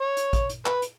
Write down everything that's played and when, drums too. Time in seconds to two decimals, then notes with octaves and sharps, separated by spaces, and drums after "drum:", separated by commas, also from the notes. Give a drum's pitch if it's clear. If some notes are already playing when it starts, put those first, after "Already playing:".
0.01 C#5
0.17 drum: hi-hat
0.33 drum: kick A1, hi-hat
0.49 drum: hi-hat
0.66 B4, drum: clap
0.82 drum: hi-hat